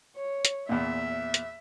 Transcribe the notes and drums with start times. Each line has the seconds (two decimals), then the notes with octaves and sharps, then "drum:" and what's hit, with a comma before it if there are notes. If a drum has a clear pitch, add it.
0.16 C#5
0.45 drum: hi-hat
0.69 E2 A#2 E5
1.34 drum: hi-hat